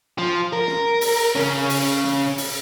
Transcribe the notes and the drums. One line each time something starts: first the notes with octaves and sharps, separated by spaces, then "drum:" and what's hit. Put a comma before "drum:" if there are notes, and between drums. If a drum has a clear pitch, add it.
F3
A#4
drum: snare
drum: open hi-hat
C#3 C#4, drum: snare
drum: open hi-hat
drum: snare
drum: open hi-hat